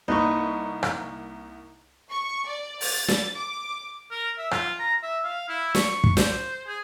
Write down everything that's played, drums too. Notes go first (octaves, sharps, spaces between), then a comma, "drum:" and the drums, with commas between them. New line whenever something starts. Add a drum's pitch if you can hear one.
C2 A#3 D#4 B4 C#6
drum: rim click
C#6
D5
A6, drum: open hi-hat
drum: snare
D6
A#4
E5
F4, drum: rim click
A#5
E5
F5
E4
C#6, drum: snare
drum: kick
C5, drum: snare
G#4